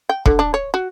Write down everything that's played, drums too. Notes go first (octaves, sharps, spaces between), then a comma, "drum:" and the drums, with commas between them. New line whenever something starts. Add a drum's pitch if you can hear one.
G5
D3, drum: kick
D4
C#5
F#4